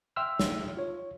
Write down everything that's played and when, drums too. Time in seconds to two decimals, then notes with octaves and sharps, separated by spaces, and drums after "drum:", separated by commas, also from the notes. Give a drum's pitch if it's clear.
0.16 E5 G5 C6 E6 F6
0.39 drum: snare
0.77 F4 C#5